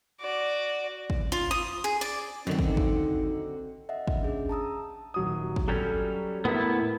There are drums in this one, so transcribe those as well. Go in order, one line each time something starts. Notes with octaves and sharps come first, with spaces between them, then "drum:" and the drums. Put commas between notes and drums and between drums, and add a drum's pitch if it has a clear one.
F#4 D5
drum: kick
F4
D#6
G#4
D5
F#2 D3 D#3 C4 D#4 F#4
drum: kick
drum: kick
D#5 E5 F#5
drum: kick
C#4 D4 G#4
A5 A#5 D#6 E6
D#1 F#3 D#6
drum: kick
F#3 G3 C#4 A4
A2 A#3 B3 E4